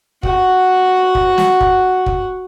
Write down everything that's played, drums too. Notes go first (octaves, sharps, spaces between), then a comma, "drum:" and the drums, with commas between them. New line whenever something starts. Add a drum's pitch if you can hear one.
F#4 F#5, drum: kick
drum: kick
drum: snare
drum: kick
drum: kick